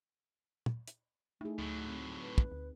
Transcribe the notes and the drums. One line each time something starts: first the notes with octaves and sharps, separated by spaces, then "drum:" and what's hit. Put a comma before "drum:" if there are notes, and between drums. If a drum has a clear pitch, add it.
drum: tom
drum: hi-hat
A3 D#4 E4 G#4
D2 A2 F#3
C4
B4
drum: kick
D2